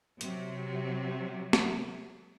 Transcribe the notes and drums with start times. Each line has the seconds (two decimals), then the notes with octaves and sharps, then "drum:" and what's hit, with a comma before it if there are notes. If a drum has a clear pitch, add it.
0.21 C3 F#3, drum: hi-hat
1.53 drum: snare